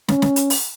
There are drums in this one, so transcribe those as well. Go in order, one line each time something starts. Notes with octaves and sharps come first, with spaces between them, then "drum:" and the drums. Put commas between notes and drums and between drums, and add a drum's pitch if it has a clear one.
C#4, drum: snare
drum: snare
drum: hi-hat
drum: open hi-hat